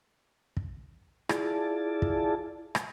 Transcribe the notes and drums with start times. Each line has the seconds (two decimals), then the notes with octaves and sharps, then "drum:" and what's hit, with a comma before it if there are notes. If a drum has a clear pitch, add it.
0.57 drum: kick
1.29 E4 F4 G#4 D5 A5, drum: rim click
2.02 drum: kick
2.75 drum: rim click